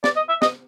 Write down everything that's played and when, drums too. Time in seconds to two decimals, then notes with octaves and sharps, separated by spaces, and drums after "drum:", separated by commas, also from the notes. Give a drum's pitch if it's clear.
0.04 D5, drum: snare
0.16 D#5
0.29 E5
0.42 D#5, drum: snare